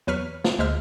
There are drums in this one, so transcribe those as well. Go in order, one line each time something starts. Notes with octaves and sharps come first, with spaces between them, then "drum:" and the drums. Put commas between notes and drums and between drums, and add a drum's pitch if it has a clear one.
E2 F#3 B4 C#6 F6 B6
drum: snare
D2 G#3 C5 E5 F6